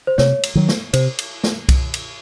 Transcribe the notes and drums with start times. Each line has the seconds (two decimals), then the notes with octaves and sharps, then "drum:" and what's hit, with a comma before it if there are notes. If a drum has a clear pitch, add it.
0.07 C5
0.18 C3 C#5, drum: snare A3
0.43 drum: cymbal
0.55 D#3 F#3
0.68 drum: snare A3
0.93 C3 C5, drum: cymbal
1.19 drum: cymbal
1.44 drum: snare A3
1.69 drum: kick C2, cymbal
1.94 drum: cymbal